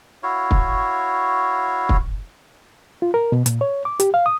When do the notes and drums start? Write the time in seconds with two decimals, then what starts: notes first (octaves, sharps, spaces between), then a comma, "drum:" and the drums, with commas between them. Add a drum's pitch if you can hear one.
0.23 E4 F#4 C#5 F5
0.51 drum: kick
1.89 drum: kick
3.02 F4
3.14 A#4
3.32 B2
3.46 A#2, drum: hi-hat
3.61 C#5
3.85 D6
4.00 G4, drum: hi-hat
4.14 F5
4.26 D#6